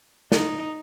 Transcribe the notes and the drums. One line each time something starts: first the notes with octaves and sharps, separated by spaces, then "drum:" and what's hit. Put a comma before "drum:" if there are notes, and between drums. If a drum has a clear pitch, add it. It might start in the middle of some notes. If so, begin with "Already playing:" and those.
D#4, drum: snare